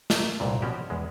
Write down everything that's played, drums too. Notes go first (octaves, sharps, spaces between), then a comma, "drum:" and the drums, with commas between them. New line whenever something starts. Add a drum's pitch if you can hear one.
A3 A#3, drum: snare
C2 G2 A#2
B2 F3 C#4 F#4 G4
E2 G#3